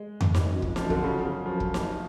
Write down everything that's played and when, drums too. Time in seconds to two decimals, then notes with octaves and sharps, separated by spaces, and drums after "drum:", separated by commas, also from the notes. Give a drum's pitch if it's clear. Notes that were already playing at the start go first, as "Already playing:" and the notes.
Already playing: G#3
0.21 drum: tom F2
0.35 drum: snare
0.53 F#2
0.62 F2, drum: kick
0.76 F3, drum: snare
0.84 F#2
0.90 D3, drum: kick
1.04 F#2 C#3
1.25 C#3
1.46 F#2 F3
1.60 drum: kick
1.74 drum: snare